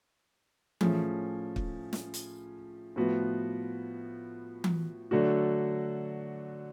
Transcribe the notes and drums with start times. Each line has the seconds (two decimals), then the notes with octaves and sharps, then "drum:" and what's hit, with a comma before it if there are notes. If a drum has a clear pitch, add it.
0.81 A2 F3 A3 C#4 G#4, drum: tom E3
1.56 drum: kick
1.93 drum: snare
2.14 drum: hi-hat
2.96 A2 F3 B3 F#4 B4
4.64 drum: tom E3
5.11 D3 F#3 A3 D4 F#4